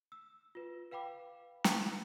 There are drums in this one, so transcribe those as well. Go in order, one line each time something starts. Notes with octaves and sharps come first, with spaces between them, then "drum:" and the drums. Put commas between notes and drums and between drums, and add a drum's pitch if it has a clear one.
E6
F4 B4
B4 F5 G5 B5 D6
drum: snare